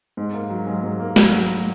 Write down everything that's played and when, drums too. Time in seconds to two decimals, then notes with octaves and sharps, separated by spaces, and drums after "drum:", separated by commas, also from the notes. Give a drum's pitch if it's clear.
0.17 G#2
0.34 A#3
0.50 F#3
0.67 G#2
0.84 G#2
1.00 A#3
1.16 F#3, drum: snare